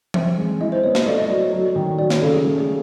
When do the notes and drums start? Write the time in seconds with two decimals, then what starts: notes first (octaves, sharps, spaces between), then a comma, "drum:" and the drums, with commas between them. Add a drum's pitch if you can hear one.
0.14 C4 E5, drum: tom E3
0.37 G#3
0.61 E4 D#5
0.72 C5
0.83 B3 C#5
0.95 D#5, drum: snare
1.07 A3 D5
1.18 D#5
1.29 F#3 D5
1.41 C#5
1.53 F#3
1.76 D#3
1.99 F#3 D5
2.10 C#5, drum: snare
2.22 C#3 A4
2.34 G#4
2.45 A3 G#4
2.60 G#4